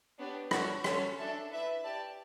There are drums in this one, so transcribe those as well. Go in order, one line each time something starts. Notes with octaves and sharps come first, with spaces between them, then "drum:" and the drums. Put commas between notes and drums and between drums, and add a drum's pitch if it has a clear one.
B3 D4 G4 C#5
D4 F#4 A4 C#5, drum: rim click
C#4 F#4 A4 C#5, drum: rim click
D4 A4 E5 A5
E4 B4 E5
G4 D5 A5